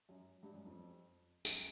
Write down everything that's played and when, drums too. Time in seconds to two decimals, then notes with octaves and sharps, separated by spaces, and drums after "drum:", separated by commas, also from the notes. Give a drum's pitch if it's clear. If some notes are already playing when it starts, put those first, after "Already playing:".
0.09 F#2
0.43 G2
0.54 F#2
0.66 F2
1.45 F#2, drum: tambourine